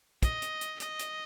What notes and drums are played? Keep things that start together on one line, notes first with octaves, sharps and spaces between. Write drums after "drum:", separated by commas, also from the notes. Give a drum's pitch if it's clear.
D#5, drum: kick, hi-hat
drum: hi-hat
drum: hi-hat
D#5, drum: hi-hat
drum: hi-hat